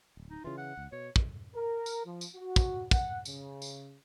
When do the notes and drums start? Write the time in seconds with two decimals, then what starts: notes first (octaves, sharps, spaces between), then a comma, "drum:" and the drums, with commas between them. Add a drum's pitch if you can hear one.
0.17 D1
0.30 D#4
0.44 C#3 E3 F4
0.58 F#5
0.77 C#2
0.92 B2 C#5
1.16 drum: kick
1.55 A#4
1.86 drum: tambourine
2.06 F3
2.21 drum: tambourine
2.36 F#4
2.56 drum: kick, tambourine
2.91 F#5, drum: kick, tambourine
3.25 C#3, drum: tambourine
3.62 drum: tambourine